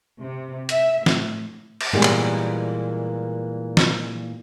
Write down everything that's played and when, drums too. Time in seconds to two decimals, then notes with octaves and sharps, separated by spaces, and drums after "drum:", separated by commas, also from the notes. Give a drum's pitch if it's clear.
0.19 C3
0.69 E5, drum: hi-hat
1.06 A2, drum: snare
1.81 drum: cymbal
1.93 A#2 E3 G3 G#3 A#3 B3
2.03 drum: clap
3.77 drum: snare